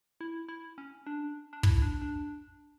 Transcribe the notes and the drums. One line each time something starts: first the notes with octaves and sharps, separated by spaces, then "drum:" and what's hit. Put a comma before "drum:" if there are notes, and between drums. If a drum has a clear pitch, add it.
E4
E4
C#4
D4
D4
E4, drum: kick
D4
D4